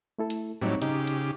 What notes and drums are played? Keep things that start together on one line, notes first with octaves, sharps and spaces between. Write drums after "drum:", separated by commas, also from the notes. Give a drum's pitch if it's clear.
A3 E4 A4
drum: hi-hat
A2 F#3 G3 C4 D#4 C#5
C#3 D#4 G4, drum: hi-hat
drum: hi-hat